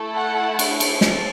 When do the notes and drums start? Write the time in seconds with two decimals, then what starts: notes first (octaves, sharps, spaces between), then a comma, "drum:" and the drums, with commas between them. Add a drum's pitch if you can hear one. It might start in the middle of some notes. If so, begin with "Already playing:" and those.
Already playing: A3 E4 A4
0.16 F#5
0.59 drum: cymbal
0.80 drum: cymbal
1.01 A5, drum: snare